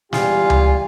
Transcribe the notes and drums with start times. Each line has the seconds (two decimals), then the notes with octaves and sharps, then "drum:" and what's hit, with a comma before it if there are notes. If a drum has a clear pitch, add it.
0.13 E2 G3 F4 G4 G#5, drum: snare
0.50 drum: tom C#2